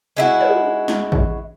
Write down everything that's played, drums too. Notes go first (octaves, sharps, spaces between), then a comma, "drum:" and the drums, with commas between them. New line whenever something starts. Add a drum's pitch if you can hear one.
G#3 E4 F#4
drum: tom
drum: snare
drum: kick A1